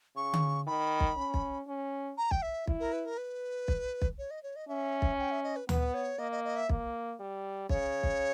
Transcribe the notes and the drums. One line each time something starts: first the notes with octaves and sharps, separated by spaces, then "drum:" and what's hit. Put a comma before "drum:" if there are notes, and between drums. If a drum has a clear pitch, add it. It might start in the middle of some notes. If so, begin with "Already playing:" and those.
C#3 C#6
drum: tom D3
D#3 B5
drum: kick
C#4
drum: kick
C#4
A#5
G5, drum: kick
E5
E4, drum: kick
A#4
B4
A#4
B4
drum: kick
drum: kick
C#5
D#5
C#5
D#5
C#4 E5
drum: kick
G5
E5
D#5
B4
B3 B4, drum: tom D2
C#5
A#3 D#5
D#5
D#5
E5
A#3, drum: kick
G3
C#3 C#5, drum: kick
drum: kick